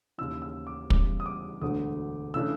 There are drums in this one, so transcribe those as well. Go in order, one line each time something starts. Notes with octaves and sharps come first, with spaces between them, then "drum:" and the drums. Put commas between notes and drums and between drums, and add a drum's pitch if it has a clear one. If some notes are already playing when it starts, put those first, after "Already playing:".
D#2 C#3 E3 E6
E6
D6
E2 C#3 E3 G3 D6, drum: kick
D#6
D6
E1 D2 D3 F#3 A3 D#6
C#3 E3 A3 D4 E6